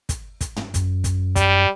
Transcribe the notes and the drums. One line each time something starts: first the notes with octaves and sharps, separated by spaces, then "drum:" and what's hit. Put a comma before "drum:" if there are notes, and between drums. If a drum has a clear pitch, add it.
drum: kick, hi-hat
drum: kick, hi-hat
drum: tom
F#2, drum: kick, hi-hat
drum: kick, hi-hat
G3, drum: kick, hi-hat